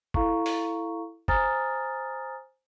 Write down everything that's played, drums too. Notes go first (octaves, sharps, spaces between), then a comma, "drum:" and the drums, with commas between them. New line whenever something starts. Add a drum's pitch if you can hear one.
E4 A4 F5 A#5 C#6, drum: kick
drum: open hi-hat
C5 G#5 A#5 D#6 F6 A6, drum: kick